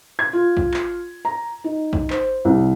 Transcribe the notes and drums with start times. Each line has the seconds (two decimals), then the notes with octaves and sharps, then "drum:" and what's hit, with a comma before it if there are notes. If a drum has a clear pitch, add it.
0.19 G#6
0.33 F4
0.57 drum: kick A1
0.74 drum: clap
1.25 A#5
1.64 D#4
1.93 drum: kick A1
2.10 C5, drum: clap
2.45 C2